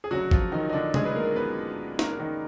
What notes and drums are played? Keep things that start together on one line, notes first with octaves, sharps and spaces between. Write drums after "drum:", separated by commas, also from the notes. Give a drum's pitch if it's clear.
G#4
F#1 F#2 D3 F#3 F#4
F3 F4, drum: kick
D#3 D#4
D#4
D3 D4
G#3 G#4, drum: tom C3
B4
A#3 A#4
B3 B4
A#3 A#4, drum: snare
D#3 D#4